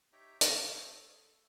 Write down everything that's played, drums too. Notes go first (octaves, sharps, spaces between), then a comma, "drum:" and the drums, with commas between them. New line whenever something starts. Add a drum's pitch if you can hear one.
D#4 G4 C#5 E5 G5 A#5
F5 B5, drum: hi-hat
A3 G#4 C5 C#5
A4